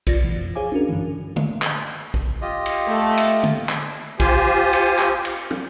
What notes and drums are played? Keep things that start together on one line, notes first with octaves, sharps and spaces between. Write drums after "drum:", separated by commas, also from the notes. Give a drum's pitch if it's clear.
B1 E2 F4 D5 A6 A#6, drum: kick, cymbal
B2 E3
F2
G#4 C5 C#5 F5 G#5 D6
C#4 D4 F#4 G#4 A#4
G2 D3 E3
drum: tom
drum: clap
drum: kick
F4 G4 D#5
drum: cymbal
A3
drum: cymbal
drum: tom
drum: clap
F4 G4 C5 G#5, drum: kick, cymbal
drum: cymbal
drum: clap
drum: cymbal
drum: tom